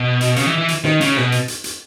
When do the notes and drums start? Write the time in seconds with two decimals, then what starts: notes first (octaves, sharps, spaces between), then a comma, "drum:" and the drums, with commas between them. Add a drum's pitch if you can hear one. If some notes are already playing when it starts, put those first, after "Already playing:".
Already playing: B2
0.21 drum: hi-hat
0.36 C#3, drum: hi-hat
0.47 E3
0.58 E3
0.68 drum: hi-hat
0.84 D#3, drum: snare
1.01 C#3, drum: hi-hat
1.16 B2, drum: snare
1.32 drum: hi-hat
1.48 drum: hi-hat
1.64 drum: hi-hat